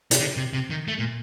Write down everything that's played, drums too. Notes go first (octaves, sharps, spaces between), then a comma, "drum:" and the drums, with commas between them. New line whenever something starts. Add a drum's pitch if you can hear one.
C3, drum: hi-hat
D3
C3
C3
D#3
A3
A#2